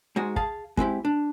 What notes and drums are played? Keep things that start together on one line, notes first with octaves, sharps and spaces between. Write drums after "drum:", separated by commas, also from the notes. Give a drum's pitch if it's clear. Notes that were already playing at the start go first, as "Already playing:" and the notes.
G#2 G#3 F#4
G#4 F5 A5, drum: kick
G#3 C4 E4 G4, drum: kick
D4